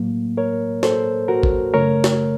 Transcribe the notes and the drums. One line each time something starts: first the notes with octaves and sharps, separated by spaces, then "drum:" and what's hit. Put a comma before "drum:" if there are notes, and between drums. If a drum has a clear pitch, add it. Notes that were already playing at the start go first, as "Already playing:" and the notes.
Already playing: A2 F#3 A#3
A#4 C#5
A4 C5, drum: snare
F#4 A#4
drum: kick G#1
F#2 C#3 A3 A#4 C#5
drum: snare